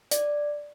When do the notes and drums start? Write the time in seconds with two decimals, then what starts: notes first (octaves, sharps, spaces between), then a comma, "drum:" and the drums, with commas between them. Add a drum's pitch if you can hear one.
0.11 D5, drum: hi-hat